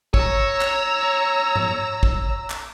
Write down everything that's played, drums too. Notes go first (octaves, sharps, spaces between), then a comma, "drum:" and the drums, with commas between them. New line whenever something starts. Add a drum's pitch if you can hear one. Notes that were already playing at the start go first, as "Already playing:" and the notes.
C#5 A#5 E6, drum: kick
drum: clap
drum: tom G#2
drum: kick
drum: clap